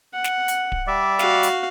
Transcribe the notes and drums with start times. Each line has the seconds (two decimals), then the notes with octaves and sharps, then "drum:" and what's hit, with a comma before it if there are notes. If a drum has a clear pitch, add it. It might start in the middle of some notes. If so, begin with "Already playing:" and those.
0.14 F#5
0.24 drum: snare
0.48 drum: hi-hat
0.72 drum: kick D1
0.87 G3 D5 E5
1.19 F#4 F5, drum: snare
1.43 drum: hi-hat